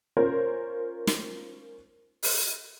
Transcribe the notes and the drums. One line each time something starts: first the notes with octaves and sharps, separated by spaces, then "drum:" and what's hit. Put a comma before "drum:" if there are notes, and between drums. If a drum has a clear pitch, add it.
C#4 F4 A#4 C5
drum: snare
drum: open hi-hat